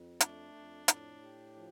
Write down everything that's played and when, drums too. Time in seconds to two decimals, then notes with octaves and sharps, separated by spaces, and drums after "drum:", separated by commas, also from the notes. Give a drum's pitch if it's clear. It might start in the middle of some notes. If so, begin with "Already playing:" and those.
Already playing: F2
0.20 A3 D4, drum: hi-hat
0.55 F2
0.88 A2, drum: hi-hat
1.22 G4
1.55 F3